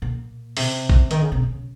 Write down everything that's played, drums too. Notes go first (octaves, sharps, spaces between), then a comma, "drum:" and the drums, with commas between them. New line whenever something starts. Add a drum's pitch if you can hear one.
A#2
C3, drum: open hi-hat
drum: kick A1
D#3, drum: hi-hat
C#3
C3
C#3